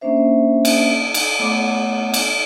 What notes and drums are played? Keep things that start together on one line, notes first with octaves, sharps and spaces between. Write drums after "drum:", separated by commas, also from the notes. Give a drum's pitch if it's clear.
A#3 C#4 D4 C5 E5
drum: cymbal
drum: cymbal
A3 B3 C#5 F#5 D6
drum: cymbal